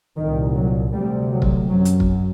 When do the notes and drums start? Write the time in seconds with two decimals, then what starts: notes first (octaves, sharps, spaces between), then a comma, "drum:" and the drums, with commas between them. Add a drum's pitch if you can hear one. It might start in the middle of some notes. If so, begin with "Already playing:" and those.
0.18 C2 A#2 D#3
0.56 F#3
0.93 D2 C3 G3
1.31 F#3
1.42 drum: kick
1.69 F#2 F#3
1.85 drum: hi-hat
2.00 drum: kick